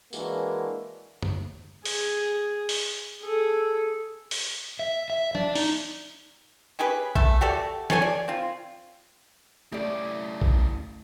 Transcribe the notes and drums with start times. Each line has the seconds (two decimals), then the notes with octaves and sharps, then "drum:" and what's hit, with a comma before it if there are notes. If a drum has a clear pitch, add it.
0.13 E3 G#3 A#3 D4 F#4, drum: tambourine
1.23 drum: tom
1.85 G#4, drum: open hi-hat
2.69 drum: open hi-hat
3.22 G#4 A4
4.31 drum: open hi-hat
4.79 E5
5.10 E5
5.35 D4, drum: tom
5.55 D#4, drum: open hi-hat
6.79 C#4 G4 G#4 B4
7.15 A3 E5, drum: kick A#1
7.41 F#4 G4 A4 D5
7.90 G#4 A4 C#5 G#5, drum: snare
8.02 D5
8.28 C4 F4
9.72 C#3 A3 E4 G4 D5
10.42 drum: kick A#1